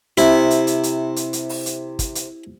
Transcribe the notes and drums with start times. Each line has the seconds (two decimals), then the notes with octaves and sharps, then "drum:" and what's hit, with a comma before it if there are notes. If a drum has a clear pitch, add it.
0.18 C3 E4, drum: hi-hat
0.50 drum: hi-hat
0.67 drum: hi-hat
0.83 drum: hi-hat
1.16 drum: hi-hat
1.33 drum: hi-hat
1.49 drum: open hi-hat
1.66 drum: hi-hat
1.99 drum: kick, hi-hat
2.15 drum: hi-hat